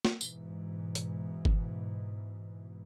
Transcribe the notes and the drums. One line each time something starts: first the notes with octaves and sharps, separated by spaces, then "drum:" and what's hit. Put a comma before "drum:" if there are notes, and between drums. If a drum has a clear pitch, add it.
drum: snare
G#2 B2 E3, drum: tambourine
drum: hi-hat
drum: kick G1